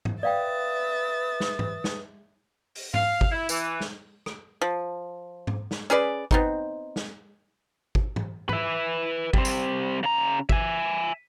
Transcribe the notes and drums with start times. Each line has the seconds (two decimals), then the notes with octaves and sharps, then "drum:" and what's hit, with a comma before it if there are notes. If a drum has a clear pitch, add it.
0.05 drum: tom G#2
0.23 B4 D5 E5 F5 G5 D#6 A6
1.40 drum: snare
1.59 drum: tom G#2
1.84 drum: snare
2.75 drum: open hi-hat
2.94 F5, drum: tom G#2
3.21 drum: kick G#1
3.32 E4
3.49 E3, drum: tambourine
3.80 drum: snare
4.26 drum: rim click
4.61 F3
5.47 drum: tom G#2
5.71 drum: snare
5.90 C#4 G#4 B4 D5
6.31 B3 C4 D#4, drum: kick G#1
6.96 drum: snare
7.95 drum: kick G#1
8.16 drum: tom G#2
8.49 B4 E5, drum: tom G#2
9.34 G3 C4, drum: kick G#1
9.45 drum: tambourine
10.03 C#3 A#5
10.49 E5 G#5, drum: kick G#1